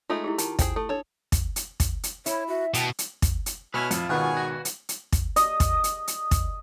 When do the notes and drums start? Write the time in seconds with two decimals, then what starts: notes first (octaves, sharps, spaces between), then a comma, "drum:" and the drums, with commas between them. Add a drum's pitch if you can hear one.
0.10 G#3 A3 D#4 F4 A4 D#5
0.24 E4 G4 G#4
0.38 D#3 A5, drum: hi-hat
0.59 G#4 C5 G5, drum: kick, hi-hat
0.76 A3 A4
0.89 D4 A4 C#5
1.32 drum: kick, hi-hat
1.56 drum: hi-hat
1.80 drum: kick, hi-hat
2.03 drum: hi-hat
2.26 E4 C#5, drum: hi-hat
2.48 F#4 E5
2.74 B2 G5 A5, drum: hi-hat
2.99 drum: hi-hat
3.22 drum: kick, hi-hat
3.46 drum: hi-hat
3.74 B2 E4 B4 C#5 G#5 F6
3.91 F2 E4 F4, drum: hi-hat
4.09 G#1 B2 D#3 G#4 B4 C#5 F#5 G#5
4.37 F#4
4.65 drum: hi-hat
4.89 drum: hi-hat
5.12 drum: kick, hi-hat
5.36 D#5, drum: hi-hat
5.60 drum: kick, hi-hat
5.84 drum: hi-hat
6.08 drum: hi-hat
6.31 drum: kick, hi-hat